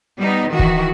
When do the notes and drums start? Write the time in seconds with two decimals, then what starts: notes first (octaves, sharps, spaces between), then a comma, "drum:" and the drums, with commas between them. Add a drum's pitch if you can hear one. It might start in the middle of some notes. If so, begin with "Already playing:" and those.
0.18 G3 B3 D#4
0.50 D#3 E3 F#4
0.59 drum: kick